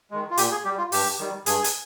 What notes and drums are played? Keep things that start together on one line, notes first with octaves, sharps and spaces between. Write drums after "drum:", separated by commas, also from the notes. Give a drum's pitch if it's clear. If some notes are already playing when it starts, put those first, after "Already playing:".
D#3 G#3
F4
A#2 G4, drum: hi-hat
G#4
G3 G4
F4
G2 G4, drum: open hi-hat
D#3 G3
G2 G#4, drum: hi-hat
drum: hi-hat